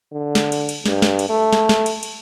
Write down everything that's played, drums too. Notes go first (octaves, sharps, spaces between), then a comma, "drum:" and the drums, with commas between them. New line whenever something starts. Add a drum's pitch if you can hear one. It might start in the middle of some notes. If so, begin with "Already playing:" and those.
D3
drum: snare
drum: cymbal
drum: cymbal
G2, drum: snare
drum: snare
drum: cymbal
A3
drum: snare
drum: snare
drum: cymbal
drum: cymbal